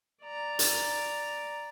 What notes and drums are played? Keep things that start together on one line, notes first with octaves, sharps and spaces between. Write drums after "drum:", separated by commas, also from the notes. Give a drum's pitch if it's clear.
D5 A#5
drum: hi-hat